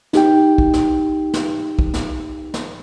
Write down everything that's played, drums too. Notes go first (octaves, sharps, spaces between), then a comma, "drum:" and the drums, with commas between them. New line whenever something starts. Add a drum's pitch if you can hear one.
D#4 G4 G5, drum: snare
drum: kick
drum: snare
drum: snare
drum: kick
drum: snare
drum: snare